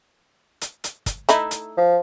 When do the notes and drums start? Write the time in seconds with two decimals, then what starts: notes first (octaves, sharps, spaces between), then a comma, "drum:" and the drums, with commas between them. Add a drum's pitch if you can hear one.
0.61 drum: hi-hat
0.84 drum: hi-hat
1.06 drum: kick, hi-hat
1.29 A3 D#4 E4, drum: hi-hat
1.51 drum: hi-hat
1.77 F3